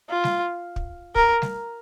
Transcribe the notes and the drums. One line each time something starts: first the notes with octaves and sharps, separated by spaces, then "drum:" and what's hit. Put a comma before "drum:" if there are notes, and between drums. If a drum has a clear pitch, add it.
F4
drum: snare G3
drum: kick
A#4, drum: kick
drum: snare G3